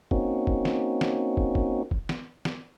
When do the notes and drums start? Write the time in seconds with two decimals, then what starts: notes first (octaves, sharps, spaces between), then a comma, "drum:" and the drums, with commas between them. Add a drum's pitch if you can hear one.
0.11 A#3 C4 C#4 D#4 F#4, drum: kick
0.47 drum: kick
0.65 drum: snare
1.01 drum: snare
1.37 drum: kick
1.55 drum: kick
1.91 drum: kick
2.09 drum: snare
2.45 drum: snare